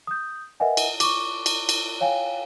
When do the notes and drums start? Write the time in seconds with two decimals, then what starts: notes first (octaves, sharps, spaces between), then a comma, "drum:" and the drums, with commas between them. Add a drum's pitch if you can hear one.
0.07 D#6 G6
0.60 A#4 B4 D#5 E5 F#5 G#5
0.77 drum: cymbal
1.00 C#6 D6, drum: cymbal
1.46 drum: cymbal
1.69 drum: cymbal
2.01 C#5 F5 G5 G#5